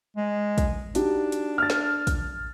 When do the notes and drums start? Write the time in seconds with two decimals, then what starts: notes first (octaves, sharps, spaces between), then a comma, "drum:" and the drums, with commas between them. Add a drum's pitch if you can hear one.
0.17 G#3
0.58 drum: kick, hi-hat
0.95 D4 D#4 F#4 G4, drum: hi-hat
1.32 drum: hi-hat
1.58 F6 A6
1.70 drum: snare
2.07 drum: kick, hi-hat